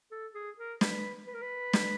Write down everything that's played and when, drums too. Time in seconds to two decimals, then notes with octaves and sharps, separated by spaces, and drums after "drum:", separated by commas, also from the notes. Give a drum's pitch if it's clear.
0.11 A4
0.34 G#4
0.58 A#4
0.81 B4, drum: snare
1.27 B4
1.34 A#4
1.42 B4
1.73 drum: snare